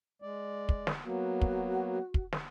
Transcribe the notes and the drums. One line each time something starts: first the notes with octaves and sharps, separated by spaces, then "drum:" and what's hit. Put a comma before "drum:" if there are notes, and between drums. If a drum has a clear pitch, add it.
G#3 D5
drum: kick
drum: snare
F#3 A#3 B3 F#4
drum: kick
drum: kick
drum: snare